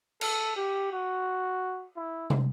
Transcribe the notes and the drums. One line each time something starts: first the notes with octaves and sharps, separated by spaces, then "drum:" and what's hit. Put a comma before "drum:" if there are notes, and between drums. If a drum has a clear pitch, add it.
A4, drum: cymbal
G4
F#4
E4
drum: tom